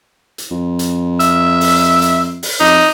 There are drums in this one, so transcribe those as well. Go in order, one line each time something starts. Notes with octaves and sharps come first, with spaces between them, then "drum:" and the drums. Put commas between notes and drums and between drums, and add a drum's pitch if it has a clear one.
drum: hi-hat
F2
drum: hi-hat
E5, drum: hi-hat
drum: open hi-hat
drum: hi-hat
drum: open hi-hat
F2 D#4